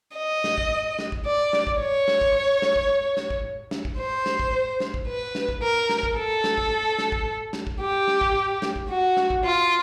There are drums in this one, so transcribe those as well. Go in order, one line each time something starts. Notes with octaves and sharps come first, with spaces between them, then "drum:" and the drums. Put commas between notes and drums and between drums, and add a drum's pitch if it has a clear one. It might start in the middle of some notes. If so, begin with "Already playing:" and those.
D#5
drum: snare
drum: kick
drum: snare
drum: kick
D5
drum: snare
drum: kick
C#5
drum: snare
drum: kick
drum: snare
drum: kick
drum: snare
drum: kick
drum: snare
drum: kick
C5
drum: snare
drum: kick
drum: snare
drum: kick
B4
drum: snare
drum: kick
A#4
drum: snare
drum: kick
A4
drum: snare
drum: kick
drum: snare
drum: kick
drum: snare
drum: kick
G4
drum: snare
drum: kick
drum: snare
drum: kick
F#4
drum: snare
drum: kick
F4